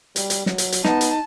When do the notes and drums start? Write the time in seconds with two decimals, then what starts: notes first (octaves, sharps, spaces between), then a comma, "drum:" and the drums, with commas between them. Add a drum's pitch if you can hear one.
0.16 G3, drum: hi-hat
0.30 drum: hi-hat
0.46 F#3, drum: snare
0.58 drum: hi-hat
0.72 drum: hi-hat
0.85 B3 D#4 A5, drum: snare
1.01 drum: hi-hat